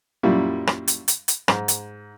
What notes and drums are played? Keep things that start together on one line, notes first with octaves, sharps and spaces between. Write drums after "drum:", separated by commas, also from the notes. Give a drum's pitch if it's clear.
F#2 A#2 G3 E4
drum: rim click
drum: hi-hat
drum: hi-hat
drum: hi-hat
G#2, drum: rim click
drum: hi-hat